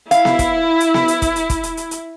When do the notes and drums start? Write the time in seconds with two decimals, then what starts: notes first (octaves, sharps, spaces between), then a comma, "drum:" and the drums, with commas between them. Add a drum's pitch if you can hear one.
0.11 E4 F5, drum: hi-hat
0.25 drum: snare B3
0.39 drum: kick, hi-hat
0.80 drum: hi-hat
0.94 drum: snare B3
1.08 drum: hi-hat
1.22 drum: kick, hi-hat
1.36 drum: hi-hat
1.50 drum: kick, hi-hat
1.63 drum: hi-hat
1.77 drum: hi-hat
1.91 drum: hi-hat